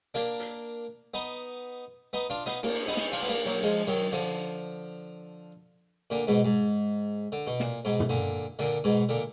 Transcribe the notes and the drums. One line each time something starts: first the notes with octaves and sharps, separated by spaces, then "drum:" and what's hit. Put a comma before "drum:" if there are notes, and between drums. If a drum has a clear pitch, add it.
A#3 D4, drum: hi-hat
drum: hi-hat
B3 D#4
B3 D#4
D4 F4
B3 D#4, drum: hi-hat
A#3 D4, drum: cymbal
B3 D#4
drum: snare
D4 F4
B3
A#3 D4
F#3 A#3
F3 G#3
D#3 F#3
D3 F3
A#2 D3
G#2 B2
G#2
D3
B2
A#2, drum: snare
G#2 B2
drum: tom
A#2 D3
A#2 D3, drum: hi-hat
G#2 B2
A#2 D3